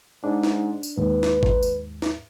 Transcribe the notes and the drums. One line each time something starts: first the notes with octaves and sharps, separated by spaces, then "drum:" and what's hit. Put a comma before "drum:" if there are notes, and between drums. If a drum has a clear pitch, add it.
G#2 D4
drum: snare
drum: tambourine
D#2 G#2 B4
drum: snare
drum: kick G#1
drum: tambourine
drum: snare